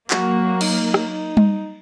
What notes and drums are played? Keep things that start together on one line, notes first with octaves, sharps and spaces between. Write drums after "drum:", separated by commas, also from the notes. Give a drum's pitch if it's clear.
F#3 A#3 F#4, drum: clap
D#4, drum: cymbal
drum: rim click
D#4
drum: tom G3